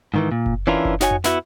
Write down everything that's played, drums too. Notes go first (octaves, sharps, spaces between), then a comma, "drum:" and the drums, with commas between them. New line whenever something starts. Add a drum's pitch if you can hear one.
G#2 D#3 E3
A#2
drum: kick F#1
E3 C#4 D4 E4 F4 A#4
drum: kick F#1
D#4 F#4 C#5 F#5 G#5, drum: snare
drum: tom F2
B3 E4 F#4, drum: snare